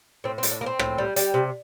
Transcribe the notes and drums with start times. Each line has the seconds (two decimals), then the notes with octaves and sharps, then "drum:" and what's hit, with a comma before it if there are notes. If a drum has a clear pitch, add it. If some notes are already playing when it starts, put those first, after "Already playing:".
0.24 A2 C4
0.38 C4
0.43 A2, drum: hi-hat
0.52 D4
0.61 A#3
0.66 C4
0.79 A2, drum: rim click
0.98 G3
1.16 G3, drum: hi-hat
1.34 C3